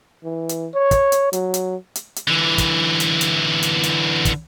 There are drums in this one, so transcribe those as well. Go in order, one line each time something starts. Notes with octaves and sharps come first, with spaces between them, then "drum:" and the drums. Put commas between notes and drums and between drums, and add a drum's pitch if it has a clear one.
E3
drum: hi-hat
C#5
drum: kick, hi-hat
drum: hi-hat
F#3, drum: hi-hat
drum: hi-hat
drum: hi-hat
drum: hi-hat
D3 E3
drum: kick, hi-hat
drum: hi-hat
drum: hi-hat
drum: hi-hat
drum: hi-hat
drum: kick, hi-hat